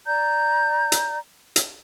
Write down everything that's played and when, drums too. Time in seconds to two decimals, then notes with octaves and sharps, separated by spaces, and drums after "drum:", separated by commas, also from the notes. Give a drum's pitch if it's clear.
0.07 D5 A#5 G6
0.92 drum: hi-hat
1.56 drum: hi-hat